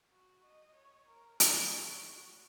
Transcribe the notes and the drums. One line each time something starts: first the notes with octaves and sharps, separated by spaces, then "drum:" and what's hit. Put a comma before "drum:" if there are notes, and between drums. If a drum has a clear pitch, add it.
F#4
D#5
C#5
A#4
G#4, drum: hi-hat
C#5
F#4